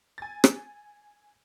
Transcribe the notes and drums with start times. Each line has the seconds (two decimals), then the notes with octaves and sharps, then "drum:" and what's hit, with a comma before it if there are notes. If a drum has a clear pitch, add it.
0.18 G#5 A6
0.44 drum: rim click